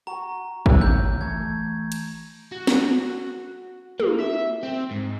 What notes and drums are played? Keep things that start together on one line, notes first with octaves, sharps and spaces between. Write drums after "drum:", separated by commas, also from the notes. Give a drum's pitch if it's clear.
F#4 A#5
D3 C#5 F#5, drum: kick
G6
E3 A3 G#6
drum: cymbal
F#4
drum: snare
A#3, drum: tom
E5
C4
G#2